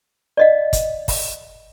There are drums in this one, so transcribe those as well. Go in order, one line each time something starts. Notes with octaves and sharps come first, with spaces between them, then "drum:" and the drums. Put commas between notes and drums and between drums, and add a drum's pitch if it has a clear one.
D5 D#5 F5
drum: kick, hi-hat
drum: kick, open hi-hat